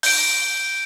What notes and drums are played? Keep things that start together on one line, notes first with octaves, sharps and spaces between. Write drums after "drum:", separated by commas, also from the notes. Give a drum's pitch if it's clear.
G6 D7, drum: open hi-hat